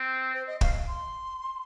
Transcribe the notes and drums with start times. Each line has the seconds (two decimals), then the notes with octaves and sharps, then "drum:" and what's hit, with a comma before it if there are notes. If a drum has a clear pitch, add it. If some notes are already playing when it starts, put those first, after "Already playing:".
Already playing: C4
0.34 C5
0.47 D#5
0.61 F5, drum: kick
0.88 C6